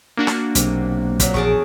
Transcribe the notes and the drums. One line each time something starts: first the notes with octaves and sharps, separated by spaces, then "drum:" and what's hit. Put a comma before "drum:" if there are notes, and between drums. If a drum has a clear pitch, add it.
A#3 D4 F#4
drum: snare
B1 C3, drum: hi-hat
A#2 F#3, drum: kick, hi-hat
A#1 E2 F3 G#4 A5 C#6 D7